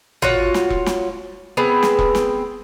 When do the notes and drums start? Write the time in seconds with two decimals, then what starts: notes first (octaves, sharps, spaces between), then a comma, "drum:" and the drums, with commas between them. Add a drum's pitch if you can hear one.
0.22 F4 F#4 C#5, drum: tom
0.54 drum: snare
0.70 drum: kick E1
0.86 drum: snare
1.57 B3 C4 G#4
1.83 drum: snare
1.99 drum: kick E1
2.15 drum: snare